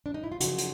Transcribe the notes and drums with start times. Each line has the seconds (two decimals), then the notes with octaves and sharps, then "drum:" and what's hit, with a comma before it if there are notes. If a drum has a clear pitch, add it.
0.06 D4
0.14 D#4
0.24 E4
0.32 F4
0.40 F#2 C#3 F3 F#4, drum: hi-hat
0.58 drum: hi-hat